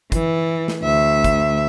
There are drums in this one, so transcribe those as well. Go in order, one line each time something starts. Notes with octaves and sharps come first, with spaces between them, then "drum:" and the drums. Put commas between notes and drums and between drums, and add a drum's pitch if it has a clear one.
E3, drum: kick, hi-hat
drum: snare
D2 E5
drum: kick, hi-hat